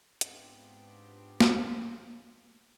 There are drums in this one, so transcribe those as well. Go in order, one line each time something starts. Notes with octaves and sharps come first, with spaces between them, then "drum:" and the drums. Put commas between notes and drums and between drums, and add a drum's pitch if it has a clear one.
G#2 B3 C4 D4 F4 G4, drum: hi-hat
drum: snare